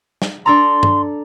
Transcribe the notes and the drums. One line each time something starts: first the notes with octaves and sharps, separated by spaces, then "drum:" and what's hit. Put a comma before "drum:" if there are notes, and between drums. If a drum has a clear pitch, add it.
drum: snare
D4 A4 A#5 C6
drum: tom G2